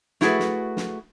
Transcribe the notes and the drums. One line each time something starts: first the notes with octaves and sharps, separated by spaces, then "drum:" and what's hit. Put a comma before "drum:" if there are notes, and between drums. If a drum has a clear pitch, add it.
A3 E4 F#4 G#4 A4 B4, drum: snare
drum: snare
drum: snare